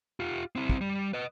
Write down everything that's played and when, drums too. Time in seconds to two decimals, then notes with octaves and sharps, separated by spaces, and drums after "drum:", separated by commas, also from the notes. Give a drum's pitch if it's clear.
0.20 F4 G4
0.56 C4 E4
0.69 drum: kick
0.81 G3
1.13 B4 D#5